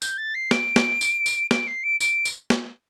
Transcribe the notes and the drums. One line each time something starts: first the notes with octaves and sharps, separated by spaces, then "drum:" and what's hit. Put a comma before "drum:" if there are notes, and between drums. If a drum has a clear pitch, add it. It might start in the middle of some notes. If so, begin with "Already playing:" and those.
G6, drum: tambourine
A6
C7
D7, drum: snare
drum: snare
drum: tambourine
drum: tambourine
D7, drum: snare
C7
D7
D7, drum: tambourine
drum: tambourine
drum: snare